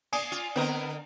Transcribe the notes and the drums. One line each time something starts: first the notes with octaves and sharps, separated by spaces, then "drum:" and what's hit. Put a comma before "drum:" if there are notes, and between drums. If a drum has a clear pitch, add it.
D5 G#5 D#6, drum: cymbal
F4
D3 B3 C4 A#4 D#5